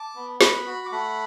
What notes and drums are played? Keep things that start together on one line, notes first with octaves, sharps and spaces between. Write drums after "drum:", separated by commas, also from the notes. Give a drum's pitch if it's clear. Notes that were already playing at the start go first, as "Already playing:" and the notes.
Already playing: A5 D6
B3
B3 F#5 B5, drum: snare
F#4
D6
A3 F#5 B5